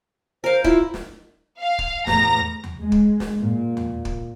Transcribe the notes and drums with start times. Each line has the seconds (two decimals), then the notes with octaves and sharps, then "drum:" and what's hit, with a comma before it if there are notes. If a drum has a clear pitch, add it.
0.44 A#4 C5 F5
0.64 E4 F4, drum: kick
0.94 drum: snare
1.61 F5
1.79 drum: kick
2.07 E2 A2 A#5 A#6, drum: snare
2.64 drum: tom D#2
2.81 G#3
2.92 drum: kick
3.20 drum: snare
3.40 A#2
3.77 drum: tom D#2
4.05 drum: kick